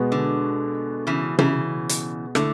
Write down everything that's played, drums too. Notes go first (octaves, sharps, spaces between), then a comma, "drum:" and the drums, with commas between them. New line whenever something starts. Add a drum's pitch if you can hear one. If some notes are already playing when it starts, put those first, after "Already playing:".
Already playing: B2 G#3 B3 F#4
D3
C#3 E3
C#3 E3, drum: tom
drum: hi-hat
D3 A3 E4 A4, drum: rim click